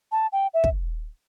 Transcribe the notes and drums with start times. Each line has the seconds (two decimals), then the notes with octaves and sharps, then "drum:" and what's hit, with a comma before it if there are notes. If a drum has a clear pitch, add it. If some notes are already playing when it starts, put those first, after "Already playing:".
0.12 A5
0.33 G5
0.54 E5
0.64 drum: kick